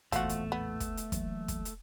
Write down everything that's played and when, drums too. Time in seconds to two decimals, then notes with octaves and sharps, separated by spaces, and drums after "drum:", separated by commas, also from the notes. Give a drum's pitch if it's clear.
0.12 A1 E2 A#2 F3 A3 F#4, drum: kick, hi-hat
0.29 drum: hi-hat
0.52 B3
0.80 drum: kick, hi-hat
0.97 drum: hi-hat
1.12 E3 F#3 A#3, drum: kick, hi-hat
1.48 drum: kick, hi-hat
1.65 drum: hi-hat